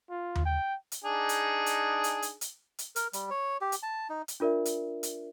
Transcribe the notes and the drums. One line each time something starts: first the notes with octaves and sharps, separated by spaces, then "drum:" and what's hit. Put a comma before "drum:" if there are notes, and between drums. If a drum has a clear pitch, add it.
F4
drum: tom D#2
G5
drum: hi-hat
D4 D#4 G#4
drum: hi-hat
drum: hi-hat
drum: hi-hat
drum: hi-hat
drum: hi-hat
drum: hi-hat
A#4, drum: hi-hat
G3, drum: hi-hat
C#5
G4
drum: hi-hat
A5
D#4
drum: hi-hat
D4 F4 A#4 D5 E5
drum: hi-hat
drum: hi-hat